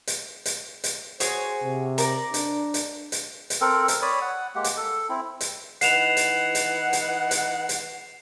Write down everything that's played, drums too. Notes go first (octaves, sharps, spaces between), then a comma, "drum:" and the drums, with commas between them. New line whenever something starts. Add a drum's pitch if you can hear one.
drum: hi-hat
drum: hi-hat
drum: hi-hat
F#4 G#4 C5 C#5, drum: hi-hat
C3
A#4 D5, drum: hi-hat
D4, drum: hi-hat
drum: hi-hat
drum: hi-hat
drum: hi-hat
C4 A4 A#4
drum: hi-hat
C#5 D5 B5 D#6
F#5
G#3 A#3 G4 F#5
drum: hi-hat
A4
C4 E4
drum: hi-hat
E3 D#4 F#5 C7 E7 F7, drum: hi-hat
drum: hi-hat
drum: hi-hat
drum: hi-hat
drum: hi-hat
drum: hi-hat